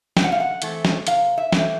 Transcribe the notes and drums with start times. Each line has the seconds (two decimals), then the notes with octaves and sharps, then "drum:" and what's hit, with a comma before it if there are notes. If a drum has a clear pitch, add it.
0.17 C3 G5, drum: snare
0.24 F#5
0.32 F5
0.40 F#5
0.62 E3 A3 C4, drum: hi-hat
0.85 drum: snare
1.07 C3 F5, drum: hi-hat
1.38 E5
1.52 E3 A3 C4, drum: snare